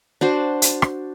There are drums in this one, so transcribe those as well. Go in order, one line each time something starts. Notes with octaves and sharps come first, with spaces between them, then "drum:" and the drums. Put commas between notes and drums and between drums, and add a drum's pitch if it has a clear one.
D4 F#4 C5
drum: hi-hat
drum: rim click